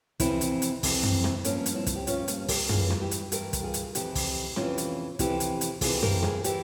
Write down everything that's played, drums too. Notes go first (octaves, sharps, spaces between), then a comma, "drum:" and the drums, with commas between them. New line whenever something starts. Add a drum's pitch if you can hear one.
F2 C3 E3 C4 E4, drum: kick, hi-hat
drum: hi-hat
drum: hi-hat
F2 C3 E3, drum: kick, open hi-hat
drum: tom
drum: snare
G2 F3 A#3 C#4, drum: hi-hat
drum: hi-hat
C4 E4
drum: kick, hi-hat
G4
G2 F3 C#4 F4, drum: hi-hat
A#3 C#4, drum: hi-hat
G4 A#4, drum: kick, open hi-hat
G2 E3 F4 G#4, drum: tom
drum: snare
E4 G4
drum: hi-hat
G2 E3 G4 A#4, drum: hi-hat
drum: kick, hi-hat
F4 G#4
drum: hi-hat
F2 C3 E3 E4 G4, drum: hi-hat
drum: kick, open hi-hat
F2 C3 E3 C#4 F4, drum: snare
drum: hi-hat
F2 C3 E3 E4 G4, drum: kick, hi-hat
drum: hi-hat
drum: hi-hat
F2 C3 E3 F4 G#4, drum: kick, open hi-hat
G4 A#4, drum: tom
F4 G#4, drum: snare
E3 E4 G4, drum: hi-hat